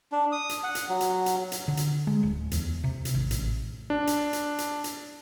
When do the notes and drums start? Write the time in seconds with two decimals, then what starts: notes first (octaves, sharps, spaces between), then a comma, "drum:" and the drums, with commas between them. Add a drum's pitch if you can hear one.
0.12 D4
0.32 D#6
0.49 drum: hi-hat
0.63 F#5
0.75 drum: hi-hat
0.89 F#3
1.01 drum: hi-hat
1.26 drum: hi-hat
1.52 drum: hi-hat
1.68 D3
1.77 drum: hi-hat
2.07 G#3
2.23 D1
2.51 E2, drum: hi-hat
2.84 C3
3.05 drum: hi-hat
3.14 G#1
3.31 A1, drum: hi-hat
3.90 D4
4.07 drum: hi-hat
4.33 drum: hi-hat
4.58 drum: hi-hat
4.84 drum: hi-hat